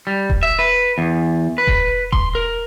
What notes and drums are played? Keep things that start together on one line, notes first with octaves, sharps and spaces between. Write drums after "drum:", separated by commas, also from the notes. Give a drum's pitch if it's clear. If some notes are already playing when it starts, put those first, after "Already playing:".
G3
drum: kick E1
E5
B4
E2
B4
drum: kick E1
C6, drum: kick E1
A#4